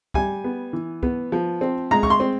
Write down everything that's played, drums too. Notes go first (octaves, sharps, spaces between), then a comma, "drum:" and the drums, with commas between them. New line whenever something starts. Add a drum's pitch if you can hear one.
G3 G#5, drum: kick
B3
E3
B3, drum: kick
F3
C4
G#3 A#5
C#6, drum: kick
C6
C4